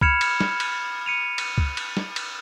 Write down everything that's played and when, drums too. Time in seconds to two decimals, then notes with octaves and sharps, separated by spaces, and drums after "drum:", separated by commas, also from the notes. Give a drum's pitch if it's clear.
0.01 B5 F6 G#6 C#7 E7 F7, drum: kick C#2
0.21 drum: cymbal
0.40 drum: snare
0.60 drum: cymbal
1.06 C#7 D#7 F7
1.38 drum: cymbal
1.58 drum: kick C#2
1.77 drum: cymbal
1.97 drum: snare
2.16 drum: cymbal